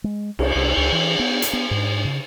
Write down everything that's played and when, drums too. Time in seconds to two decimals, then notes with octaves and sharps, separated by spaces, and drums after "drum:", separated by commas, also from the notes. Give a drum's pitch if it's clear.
0.04 G#3
0.39 C2, drum: cymbal
0.55 C2
0.77 C#2
0.92 E3
1.19 B3
1.42 drum: hi-hat
1.53 B3
1.71 G#2
2.05 C#3